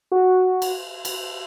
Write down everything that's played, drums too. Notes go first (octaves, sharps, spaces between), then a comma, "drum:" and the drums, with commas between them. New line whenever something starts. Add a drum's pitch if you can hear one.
F#4
drum: cymbal
drum: cymbal